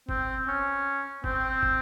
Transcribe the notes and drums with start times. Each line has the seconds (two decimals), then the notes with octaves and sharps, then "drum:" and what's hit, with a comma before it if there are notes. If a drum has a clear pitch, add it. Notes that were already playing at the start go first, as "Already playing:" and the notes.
0.09 C4, drum: kick
0.47 C#4
1.24 C4, drum: kick
1.63 drum: kick